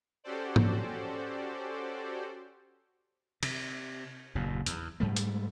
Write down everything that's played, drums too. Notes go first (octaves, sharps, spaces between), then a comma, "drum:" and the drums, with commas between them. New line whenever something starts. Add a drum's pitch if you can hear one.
C#4 F#4 G4 A4 C5 D5
drum: tom G#2
C3, drum: cymbal
F#1 D#2 A#2
E2, drum: hi-hat
G#2 G3 A3
drum: hi-hat